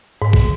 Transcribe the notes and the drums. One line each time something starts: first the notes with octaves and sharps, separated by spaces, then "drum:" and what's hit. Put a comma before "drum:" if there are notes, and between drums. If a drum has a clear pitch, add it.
G#2
drum: kick